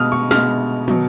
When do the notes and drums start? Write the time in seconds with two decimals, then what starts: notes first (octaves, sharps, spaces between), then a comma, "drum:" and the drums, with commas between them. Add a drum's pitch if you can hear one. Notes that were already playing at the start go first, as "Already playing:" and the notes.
Already playing: B2 G#3 D#6 F6
0.12 C#6
0.31 B2 G#3 F6, drum: snare
0.88 B2 F#3, drum: tom